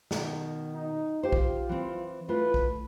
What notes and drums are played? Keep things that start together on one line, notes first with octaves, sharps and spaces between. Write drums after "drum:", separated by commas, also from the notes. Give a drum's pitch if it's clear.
B2 D#3, drum: snare
D#4
F4 G4 C5
drum: kick B1
E3 C4
A3 E4 F4 B4
drum: kick B1